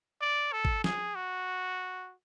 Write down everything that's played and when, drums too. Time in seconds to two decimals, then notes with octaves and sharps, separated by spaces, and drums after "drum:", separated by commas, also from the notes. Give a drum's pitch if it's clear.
0.21 D5
0.52 A4
0.65 drum: kick G#1
0.84 G#4, drum: snare
1.16 F#4